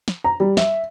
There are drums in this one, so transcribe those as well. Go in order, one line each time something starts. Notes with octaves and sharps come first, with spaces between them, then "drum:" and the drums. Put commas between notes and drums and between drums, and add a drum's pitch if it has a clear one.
drum: snare
A#5
G3
E5, drum: snare